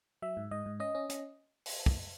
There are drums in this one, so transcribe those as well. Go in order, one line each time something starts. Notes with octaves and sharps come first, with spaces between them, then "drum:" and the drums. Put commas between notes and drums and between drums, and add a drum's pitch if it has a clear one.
F#3 E5
G#2
G#2 D#5
G#2
C#4 D#5
C#4
C#4, drum: hi-hat
drum: open hi-hat
drum: kick